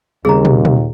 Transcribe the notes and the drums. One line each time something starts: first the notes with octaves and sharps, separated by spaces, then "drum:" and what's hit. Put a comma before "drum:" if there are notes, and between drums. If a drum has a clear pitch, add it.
D#2 C#3 G3 C4 G#4 A#5
drum: tom
drum: tom